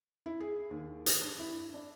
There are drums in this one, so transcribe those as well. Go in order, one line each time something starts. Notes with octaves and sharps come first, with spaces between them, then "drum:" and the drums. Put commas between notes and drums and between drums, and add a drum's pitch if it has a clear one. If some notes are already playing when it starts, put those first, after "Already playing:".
E4
G#4
D#2
drum: hi-hat
G2
E4
D4